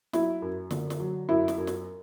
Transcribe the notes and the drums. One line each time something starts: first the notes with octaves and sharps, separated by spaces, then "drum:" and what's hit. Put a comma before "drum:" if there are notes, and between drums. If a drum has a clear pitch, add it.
F#3 E4, drum: snare
F#2
D3, drum: snare
drum: snare
F#3
F#2 E4
drum: snare
F#2
drum: snare